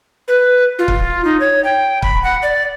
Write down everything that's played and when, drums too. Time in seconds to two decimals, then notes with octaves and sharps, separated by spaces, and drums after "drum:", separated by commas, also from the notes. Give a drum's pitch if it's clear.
0.28 B4
0.79 F4
0.88 drum: kick
1.25 D#4
1.40 C#5
1.64 G5
2.02 B5, drum: kick
2.23 F#5
2.43 D5